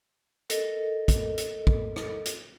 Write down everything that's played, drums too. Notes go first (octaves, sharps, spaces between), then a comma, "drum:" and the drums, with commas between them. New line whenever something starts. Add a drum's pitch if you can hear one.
A4 A#4 D#5, drum: hi-hat
drum: kick, hi-hat
drum: hi-hat
drum: kick
drum: rim click
drum: hi-hat